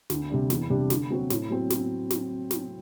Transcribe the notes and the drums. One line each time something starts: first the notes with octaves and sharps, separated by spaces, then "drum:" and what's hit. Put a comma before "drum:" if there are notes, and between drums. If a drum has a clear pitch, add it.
D2, drum: snare
C3 G3 D4
E2, drum: snare
C3 G3 D4
D3, drum: snare
F#3 C4 F#4
A2, drum: snare
F#3 C4
drum: snare
drum: snare
drum: snare